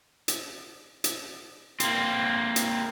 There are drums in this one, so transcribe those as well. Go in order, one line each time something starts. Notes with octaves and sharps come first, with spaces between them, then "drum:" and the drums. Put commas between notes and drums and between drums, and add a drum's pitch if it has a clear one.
drum: hi-hat
drum: hi-hat
A#3 C4, drum: hi-hat
drum: hi-hat